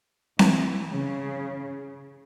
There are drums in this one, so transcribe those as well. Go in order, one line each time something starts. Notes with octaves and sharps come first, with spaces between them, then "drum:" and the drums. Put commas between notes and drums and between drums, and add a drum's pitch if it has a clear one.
E3, drum: snare C4
C#3